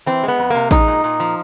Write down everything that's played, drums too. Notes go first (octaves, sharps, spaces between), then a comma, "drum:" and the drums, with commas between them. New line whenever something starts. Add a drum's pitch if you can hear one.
E3 C4
G#3
B3
F2
C3 A#3
G#3 D#4, drum: kick A1
A#2
A#2
F3